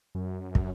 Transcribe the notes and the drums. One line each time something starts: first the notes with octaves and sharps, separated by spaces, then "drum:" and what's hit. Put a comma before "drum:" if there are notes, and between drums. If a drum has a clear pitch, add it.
F#2
drum: kick